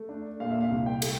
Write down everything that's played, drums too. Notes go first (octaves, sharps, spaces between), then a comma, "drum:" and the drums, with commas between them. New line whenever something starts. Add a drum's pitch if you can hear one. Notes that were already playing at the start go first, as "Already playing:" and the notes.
Already playing: A3
D4
A#2 F5
E5
F5
C2
G5
A3, drum: cymbal